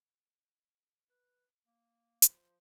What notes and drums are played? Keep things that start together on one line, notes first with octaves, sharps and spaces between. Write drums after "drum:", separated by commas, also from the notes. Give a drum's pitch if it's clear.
B4
A#3
F3 C5, drum: hi-hat